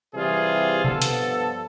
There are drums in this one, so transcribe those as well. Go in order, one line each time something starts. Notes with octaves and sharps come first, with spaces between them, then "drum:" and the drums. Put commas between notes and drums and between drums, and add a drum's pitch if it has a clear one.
C3 E3 G3 F4 G#4
G2 F3 B3 A4, drum: tom B2
drum: hi-hat